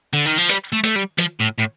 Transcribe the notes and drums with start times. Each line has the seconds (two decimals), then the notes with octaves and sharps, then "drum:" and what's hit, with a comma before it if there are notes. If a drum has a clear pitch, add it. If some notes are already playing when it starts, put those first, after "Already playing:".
0.13 D3
0.26 D#3
0.38 F3
0.49 G3, drum: hi-hat
0.73 A3
0.84 A3, drum: hi-hat
0.96 G3
1.18 F3, drum: hi-hat
1.41 A2
1.59 A2